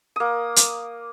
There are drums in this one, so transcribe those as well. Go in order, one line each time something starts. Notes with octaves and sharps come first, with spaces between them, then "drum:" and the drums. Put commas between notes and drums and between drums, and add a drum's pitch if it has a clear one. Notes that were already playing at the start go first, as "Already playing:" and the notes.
A#3 D#6
drum: hi-hat